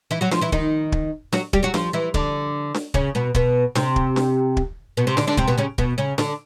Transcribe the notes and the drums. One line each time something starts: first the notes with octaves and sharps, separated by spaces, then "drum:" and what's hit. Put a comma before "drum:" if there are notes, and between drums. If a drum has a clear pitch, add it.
E3 E4
F#3 F#4
F3 F4, drum: snare D4
E3 E4
D#3 D#4, drum: kick
drum: kick
F#3 F#4, drum: snare D4
G3 G4, drum: kick
F#3 F#4
F3 F4, drum: snare D4
E3 E4
D3 D4, drum: kick
drum: snare D4
C#3 C#4, drum: kick
B2 B3
B2 B3, drum: kick
C3 C4, drum: snare D4
drum: kick
drum: snare D4
drum: kick
B2 B3
C3 C4
D3 D4, drum: snare D4
D3 D4
C3 C4, drum: kick
B2 B3
C#3 C#4
B2 B3, drum: kick
C#3 C#4
D3 D4, drum: snare D4